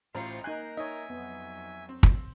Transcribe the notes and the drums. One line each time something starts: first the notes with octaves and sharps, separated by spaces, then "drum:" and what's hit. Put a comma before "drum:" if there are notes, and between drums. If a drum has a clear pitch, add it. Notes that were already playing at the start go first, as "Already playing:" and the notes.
A1 A2 F4 C5 F5 A#5 C#7
A#3 D#4 A#4 G#5 F#6 G6 C7
D#4 C#5 D#5 E5 G#5
F2 F#3 B3
C4
drum: kick